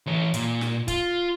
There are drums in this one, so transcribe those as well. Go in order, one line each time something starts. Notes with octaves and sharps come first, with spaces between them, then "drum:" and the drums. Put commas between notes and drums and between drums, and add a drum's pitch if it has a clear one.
E3 C#5
A#2, drum: hi-hat
drum: snare
F4, drum: kick, hi-hat